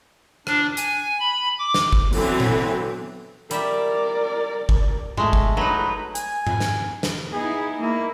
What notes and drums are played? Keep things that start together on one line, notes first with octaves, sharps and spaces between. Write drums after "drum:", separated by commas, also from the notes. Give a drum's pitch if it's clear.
D4, drum: rim click
G#5, drum: hi-hat
B5
D6
drum: snare
drum: kick G1
D3 E3 F#3 B3 C4, drum: open hi-hat
drum: tom A#2
G3 A#4 D5 E5, drum: hi-hat
drum: kick G1
G#3 A3, drum: tom G#2
drum: kick G1
F#3 D#4 B4
G#5, drum: hi-hat
drum: tom G#2
drum: snare
drum: snare
B3 D#4 E4 G#4
A#3 E4